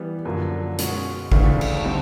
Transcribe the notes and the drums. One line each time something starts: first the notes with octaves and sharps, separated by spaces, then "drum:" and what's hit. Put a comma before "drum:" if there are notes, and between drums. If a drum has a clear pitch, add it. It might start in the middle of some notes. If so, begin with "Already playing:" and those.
Already playing: E3 G3 B3
F#2 D3 F3 A#3
B2 G#3 C#4 F#4, drum: hi-hat
D2 C#3 E3 A3 D4, drum: kick A1
drum: cymbal
D3 G3 C4 D#4